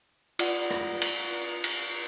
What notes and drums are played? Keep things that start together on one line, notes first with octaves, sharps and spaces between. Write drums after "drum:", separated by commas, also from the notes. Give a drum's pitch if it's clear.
F4 D5 F#5, drum: cymbal
drum: rim click
drum: cymbal
drum: cymbal